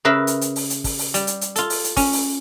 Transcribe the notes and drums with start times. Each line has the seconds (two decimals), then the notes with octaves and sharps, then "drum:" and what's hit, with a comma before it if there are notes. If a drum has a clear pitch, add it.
0.05 C#3 A#4 B4 E5
0.27 drum: hi-hat
0.41 drum: hi-hat
0.56 drum: open hi-hat
0.70 drum: hi-hat
0.84 drum: kick, open hi-hat
0.99 drum: open hi-hat
1.14 G3, drum: hi-hat
1.27 drum: hi-hat
1.41 drum: hi-hat
1.56 F4 A4, drum: hi-hat
1.70 drum: open hi-hat
1.84 drum: hi-hat
1.97 C#4, drum: kick, open hi-hat
2.13 drum: open hi-hat